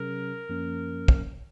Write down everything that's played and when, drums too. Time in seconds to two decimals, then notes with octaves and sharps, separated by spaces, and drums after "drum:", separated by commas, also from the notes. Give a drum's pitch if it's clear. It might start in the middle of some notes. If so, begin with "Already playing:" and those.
Already playing: C3 F#3 C#4 G#4 A#4
0.49 F#2 F3 A#3 C#4
1.08 drum: kick